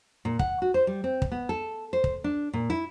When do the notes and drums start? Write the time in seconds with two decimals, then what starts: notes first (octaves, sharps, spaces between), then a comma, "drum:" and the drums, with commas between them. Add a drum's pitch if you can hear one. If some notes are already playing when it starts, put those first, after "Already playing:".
0.25 A#2
0.39 F#5, drum: kick
0.62 F#4
0.74 C5
0.87 G3
1.04 C4
1.22 drum: kick
1.32 B3
1.49 A4
1.93 C5
2.04 drum: kick
2.24 D4
2.53 A#2
2.70 E4